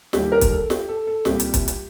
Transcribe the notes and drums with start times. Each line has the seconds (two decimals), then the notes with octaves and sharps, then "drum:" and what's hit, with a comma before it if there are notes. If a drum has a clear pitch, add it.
0.13 D#2 D#3 G3 G4, drum: snare
0.32 A#4
0.41 drum: kick, hi-hat
0.51 A4
0.70 G4, drum: snare
0.89 A4
1.07 A4
1.25 C2 A#2 G3 G4, drum: snare
1.40 drum: hi-hat
1.54 drum: kick, hi-hat
1.68 drum: hi-hat